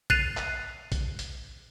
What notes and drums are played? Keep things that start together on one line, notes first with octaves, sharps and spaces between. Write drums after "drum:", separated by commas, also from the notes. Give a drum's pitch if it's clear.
F#6 A6 C7 D#7 F7, drum: kick A#1
drum: clap
drum: kick A#1, hi-hat
drum: hi-hat